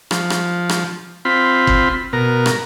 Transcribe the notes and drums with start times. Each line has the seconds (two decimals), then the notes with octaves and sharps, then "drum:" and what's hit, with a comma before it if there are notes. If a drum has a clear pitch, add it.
0.11 F3, drum: rim click
0.30 drum: rim click
0.69 drum: rim click
1.25 C4 F4 B5
1.67 drum: kick
2.13 B2 A#4
2.46 drum: rim click